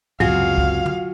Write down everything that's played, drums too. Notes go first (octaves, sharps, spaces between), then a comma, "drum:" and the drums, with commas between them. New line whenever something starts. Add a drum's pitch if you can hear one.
C#2 F#2 C3 F#3 F4 F#4 G#4 F5, drum: tom
drum: kick
drum: tom